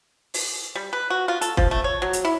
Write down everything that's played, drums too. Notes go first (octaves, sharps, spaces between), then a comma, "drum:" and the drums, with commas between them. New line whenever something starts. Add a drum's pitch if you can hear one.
drum: open hi-hat
G3
B4
F#4
F4
A4, drum: hi-hat
F3, drum: kick
A3
C#5
F#3
drum: hi-hat
E4